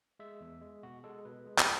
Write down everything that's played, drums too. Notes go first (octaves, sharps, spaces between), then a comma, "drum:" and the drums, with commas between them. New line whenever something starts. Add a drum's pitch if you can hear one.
G#3 E5
E2
G#3
B2 F#4
G#3 A4
B2 B4
G#3
drum: clap